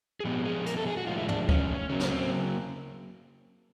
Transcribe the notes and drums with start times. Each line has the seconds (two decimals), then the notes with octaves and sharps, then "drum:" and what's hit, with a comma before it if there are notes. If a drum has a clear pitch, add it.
0.20 G#4
0.25 A#2 F3 G#3 B3 G4
0.45 G#4
0.66 A#4, drum: hi-hat
0.77 A4
0.87 G#4
0.97 F#4
1.07 A2 F3 G#3 F4
1.18 E4
1.28 D4, drum: tom
1.49 C#4, drum: kick D2
1.89 C#3 F#3 A#3 C#4
2.00 drum: snare
2.10 C4